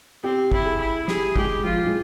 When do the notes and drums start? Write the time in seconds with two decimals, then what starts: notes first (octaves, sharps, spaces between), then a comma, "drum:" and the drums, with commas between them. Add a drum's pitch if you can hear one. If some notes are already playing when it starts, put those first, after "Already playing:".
0.23 C4 G4
0.52 E4, drum: kick
0.65 G#4
0.80 E4
1.08 G4 G#4, drum: snare
1.36 G#3 G4, drum: kick
1.64 F3 F4
1.87 G#3